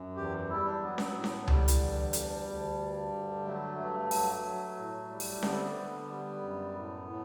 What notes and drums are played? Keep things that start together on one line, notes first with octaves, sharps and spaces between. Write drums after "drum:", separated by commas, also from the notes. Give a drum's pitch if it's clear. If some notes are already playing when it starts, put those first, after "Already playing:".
Already playing: F#2
E2 G4
G3 E4
D4
F#3 B3
drum: snare C#4
A2
drum: snare C#4
D3 G3, drum: tom C#2
drum: hi-hat
E2
D2, drum: hi-hat
D2
G2
D3
F#3 A3
G2 A3
F#3, drum: open hi-hat
F#3
A2
G3
drum: open hi-hat
D3 B3, drum: snare C#4
C4
B3
D3
G3
F#2
A2
A2